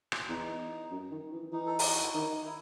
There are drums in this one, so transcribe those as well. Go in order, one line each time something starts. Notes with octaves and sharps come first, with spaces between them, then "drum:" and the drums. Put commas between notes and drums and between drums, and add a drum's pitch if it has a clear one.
drum: rim click
E2 D#4
F#2
D#3
E3
E3 D#4
A4
G4, drum: open hi-hat
F#4
E4
D#3 D#4
E4